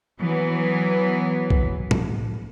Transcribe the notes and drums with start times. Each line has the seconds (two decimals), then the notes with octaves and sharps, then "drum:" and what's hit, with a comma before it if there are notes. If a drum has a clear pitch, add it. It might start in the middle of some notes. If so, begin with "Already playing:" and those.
0.20 E3 F#3 B3
1.50 drum: kick B1
1.91 drum: tom A2